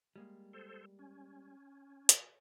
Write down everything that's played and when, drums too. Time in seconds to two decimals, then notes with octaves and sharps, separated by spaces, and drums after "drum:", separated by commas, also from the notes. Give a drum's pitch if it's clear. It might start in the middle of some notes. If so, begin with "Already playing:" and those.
0.16 G3 G#3 A#3
0.53 A4 C5
0.99 C#4
2.09 drum: hi-hat